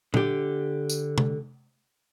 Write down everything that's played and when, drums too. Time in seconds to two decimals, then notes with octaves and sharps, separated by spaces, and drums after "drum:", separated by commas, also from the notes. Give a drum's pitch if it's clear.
0.14 D3 G4, drum: tom A#2
0.90 drum: tambourine
1.18 drum: tom